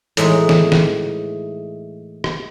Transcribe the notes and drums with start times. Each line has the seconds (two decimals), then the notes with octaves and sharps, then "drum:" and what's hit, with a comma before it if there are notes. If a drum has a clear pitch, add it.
0.17 A2 E3 G#3 D#4, drum: hi-hat
0.49 drum: snare
0.72 drum: snare
2.24 drum: rim click